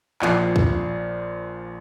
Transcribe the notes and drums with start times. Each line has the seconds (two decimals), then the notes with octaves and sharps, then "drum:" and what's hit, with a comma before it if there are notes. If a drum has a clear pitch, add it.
0.22 A#1 F3 C7, drum: clap
0.56 drum: kick